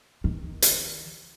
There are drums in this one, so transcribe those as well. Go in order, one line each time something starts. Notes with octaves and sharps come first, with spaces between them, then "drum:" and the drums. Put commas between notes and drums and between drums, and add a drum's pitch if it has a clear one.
D#3
drum: hi-hat